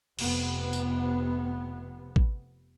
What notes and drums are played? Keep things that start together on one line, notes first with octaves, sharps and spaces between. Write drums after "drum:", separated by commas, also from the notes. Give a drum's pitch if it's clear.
F1 C3 B3, drum: cymbal
drum: tambourine
drum: kick